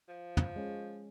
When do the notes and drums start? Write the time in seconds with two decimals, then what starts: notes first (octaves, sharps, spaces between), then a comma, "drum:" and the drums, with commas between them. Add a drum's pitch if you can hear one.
0.08 F3
0.37 drum: tom
0.56 G#3 C#4